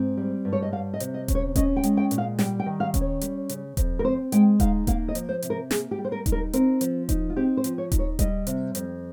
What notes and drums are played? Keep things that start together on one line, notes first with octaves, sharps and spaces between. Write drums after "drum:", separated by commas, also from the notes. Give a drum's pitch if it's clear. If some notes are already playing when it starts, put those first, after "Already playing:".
Already playing: G#2 C4
G3
G2
C#5
D#5
G3 F5
D#5
C3, drum: hi-hat
D#5
C#4, drum: kick D#1, hi-hat
C#5
C#4 D#5, drum: kick D#1, hi-hat
G5
G#3, drum: hi-hat
G5
A#2, drum: hi-hat
F5
G3 G5, drum: snare
G5
D#3
F5
C#4, drum: kick D#1, hi-hat
C#5
G3, drum: hi-hat
C#3, drum: hi-hat
F2, drum: kick D#1, hi-hat
A#4
C4 C5
G#3 G5, drum: hi-hat
D#4 F5, drum: kick D#1, hi-hat
A#3 F5, drum: kick D#1, hi-hat
D#5
F3, drum: hi-hat
C5
C3, drum: hi-hat
A#4
A#3 G#4, drum: snare
G4
G3
C5
A#4
D#4, drum: kick D#1, hi-hat
A#4
C4 A#4, drum: hi-hat
F3, drum: hi-hat
D#4, drum: kick D#1, hi-hat
F4
C4 G4
C5
F3, drum: hi-hat
C#5
D#4, drum: kick D#1, hi-hat
C#5
G3 D#5, drum: kick D#1, hi-hat
C3, drum: hi-hat
F2, drum: hi-hat